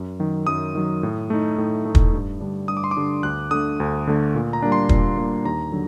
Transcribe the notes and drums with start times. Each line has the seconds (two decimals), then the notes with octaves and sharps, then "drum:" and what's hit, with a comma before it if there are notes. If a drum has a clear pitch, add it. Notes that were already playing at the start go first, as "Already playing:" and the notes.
Already playing: F#2
0.19 D#3 F#3
0.47 F#2 D#6
0.75 D#3 F#3
1.03 A2
1.30 A3 D#4
1.58 A2
1.85 A3 D#4
1.95 drum: kick
2.13 G2
2.40 D3 G3 D4
2.68 G2 D#6
2.77 D6
2.84 C6
2.91 D6
2.97 D3 G3 D4
3.23 D2 F#6
3.51 D3 A3 D#6
3.80 D2
4.07 D3 A3
4.35 A#2
4.53 A#5
4.62 G3 A#3 D4
4.72 C6
4.89 A#2, drum: kick
5.18 G3 A#3 D4
5.45 D#2 A#5
5.72 D3 F#3